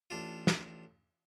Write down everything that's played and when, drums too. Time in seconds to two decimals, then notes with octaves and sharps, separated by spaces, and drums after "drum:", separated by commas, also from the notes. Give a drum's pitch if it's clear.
0.10 A1 D4 F4
0.47 drum: snare